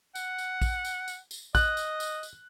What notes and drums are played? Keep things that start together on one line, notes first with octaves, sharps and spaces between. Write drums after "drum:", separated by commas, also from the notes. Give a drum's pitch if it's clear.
F#5, drum: tambourine
drum: tambourine
drum: kick A#1, tambourine
drum: tambourine
drum: tambourine
drum: tambourine
D#5 F#6, drum: kick A#1, tambourine
drum: tambourine
drum: tambourine
drum: tambourine